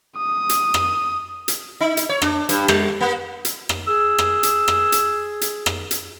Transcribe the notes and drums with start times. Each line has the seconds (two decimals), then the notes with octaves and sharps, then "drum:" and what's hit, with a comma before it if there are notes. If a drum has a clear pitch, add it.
0.17 D#6
0.49 drum: hi-hat
0.74 drum: rim click
1.48 drum: hi-hat
1.81 D#4
1.97 drum: hi-hat
2.09 C#5
2.22 D4, drum: rim click
2.49 G2, drum: hi-hat
2.68 G3, drum: rim click
3.01 A#3
3.45 drum: hi-hat
3.69 drum: rim click
3.87 G#4 E6
4.18 drum: rim click
4.43 drum: hi-hat
4.68 drum: rim click
4.92 drum: hi-hat
5.41 drum: hi-hat
5.66 drum: rim click
5.91 drum: hi-hat